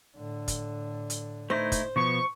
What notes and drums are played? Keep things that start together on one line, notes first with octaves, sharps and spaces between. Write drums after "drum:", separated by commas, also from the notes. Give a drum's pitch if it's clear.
A2 D3
drum: kick, hi-hat
drum: hi-hat
A3 D#4 E4 C5
drum: kick, hi-hat
B2 F3 B3 C#6